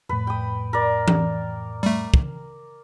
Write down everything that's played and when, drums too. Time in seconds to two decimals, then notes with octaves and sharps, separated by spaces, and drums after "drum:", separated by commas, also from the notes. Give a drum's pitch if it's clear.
0.09 F2 A2 B4
0.27 G5 D#6
0.73 A#4 D5
1.08 drum: tom E3
1.83 G3 A3
2.14 drum: kick